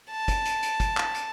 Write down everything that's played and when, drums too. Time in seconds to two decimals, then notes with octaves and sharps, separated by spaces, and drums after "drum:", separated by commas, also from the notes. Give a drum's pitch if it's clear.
0.11 A5
0.28 drum: kick, hi-hat
0.45 drum: hi-hat
0.63 drum: hi-hat
0.80 drum: kick, hi-hat
0.97 drum: clap
1.14 drum: hi-hat